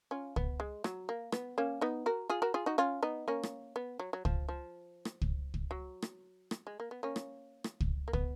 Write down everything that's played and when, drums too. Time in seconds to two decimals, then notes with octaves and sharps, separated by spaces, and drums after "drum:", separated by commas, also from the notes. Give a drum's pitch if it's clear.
0.11 C#4 F4
0.36 B3, drum: kick
0.60 G#3
0.84 F#3, drum: rim click
1.09 A#3
1.32 B3, drum: rim click
1.58 A#3 C#4
1.81 B3 D#4
2.06 F#4 A#4
2.29 F4 G#4
2.42 F#4 A#4
2.54 F4 G#4
2.66 D#4 F#4
2.78 C#4 F4
3.02 B3 D#4
3.28 A#3 C#4
3.43 drum: rim click
3.76 B3
3.99 F#3
4.13 F#3
4.25 F3, drum: kick
4.48 F3
5.05 drum: rim click
5.21 drum: kick
5.54 drum: kick
5.71 F#3
6.02 drum: rim click
6.51 drum: rim click
6.67 G#3
6.80 A#3
6.91 B3
7.03 A#3 C#4
7.16 drum: rim click
7.64 drum: rim click
7.80 drum: kick
8.08 A#3
8.13 B3, drum: kick